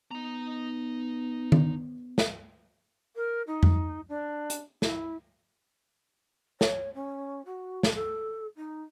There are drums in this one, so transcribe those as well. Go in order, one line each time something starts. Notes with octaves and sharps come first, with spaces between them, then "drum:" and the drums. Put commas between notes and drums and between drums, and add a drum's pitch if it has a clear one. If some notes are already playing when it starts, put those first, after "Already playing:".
B3 D#4 A#5
drum: tom D#3
drum: snare
A#4
D#4
drum: tom F2
D4
drum: hi-hat
E4, drum: snare
C#5, drum: snare
C#4
F#4
drum: snare
A4
D#4